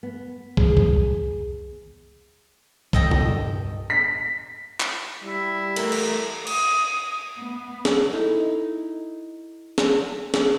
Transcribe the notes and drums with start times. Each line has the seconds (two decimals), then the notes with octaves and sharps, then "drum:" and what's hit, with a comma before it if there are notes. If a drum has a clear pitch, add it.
0.03 B3
0.57 G#4, drum: kick
0.77 drum: kick
2.93 G2 A#2 A4 D#5 G5, drum: kick
3.11 drum: tom C3
3.90 B6
4.80 drum: clap
5.23 G3 E4
5.76 E2 A3 A#4, drum: cymbal
5.92 drum: cymbal
6.47 D#6, drum: cymbal
7.37 B3
7.85 drum: snare
8.13 D#4 E4 A4 D#5
9.78 drum: snare
10.34 drum: snare